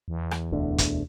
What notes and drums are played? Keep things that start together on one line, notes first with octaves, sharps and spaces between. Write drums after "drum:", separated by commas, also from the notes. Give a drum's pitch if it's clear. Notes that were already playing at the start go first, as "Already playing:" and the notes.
E2
drum: rim click
E1 D2 D3
drum: kick, hi-hat